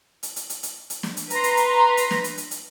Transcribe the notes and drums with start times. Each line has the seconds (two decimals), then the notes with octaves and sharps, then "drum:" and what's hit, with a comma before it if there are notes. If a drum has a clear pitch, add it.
0.23 drum: hi-hat
0.36 drum: hi-hat
0.50 drum: hi-hat
0.63 drum: hi-hat
0.90 drum: hi-hat
1.03 drum: snare
1.17 drum: hi-hat
1.30 B4 A#5 C6, drum: hi-hat
1.44 drum: hi-hat
1.57 drum: hi-hat
1.97 drum: hi-hat
2.11 drum: snare
2.24 drum: hi-hat
2.38 drum: hi-hat
2.51 drum: hi-hat